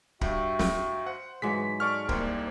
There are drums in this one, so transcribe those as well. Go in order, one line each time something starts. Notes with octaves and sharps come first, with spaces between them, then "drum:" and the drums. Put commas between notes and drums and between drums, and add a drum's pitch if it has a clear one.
G2 F#4 E5 G5, drum: kick
drum: snare
C5 F#5
G#2 E3 F#3 G#3 B6
A4 D5 F#5 C#6 F6
C2 A#3 C4 C5 D5, drum: kick